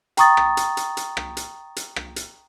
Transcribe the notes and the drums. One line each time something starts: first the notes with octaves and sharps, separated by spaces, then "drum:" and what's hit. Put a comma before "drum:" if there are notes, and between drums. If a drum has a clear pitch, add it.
G5 A#5 C#6 D#6 A6, drum: hi-hat
drum: rim click
drum: hi-hat
drum: hi-hat
drum: hi-hat
drum: rim click
drum: hi-hat
drum: hi-hat
drum: rim click
drum: hi-hat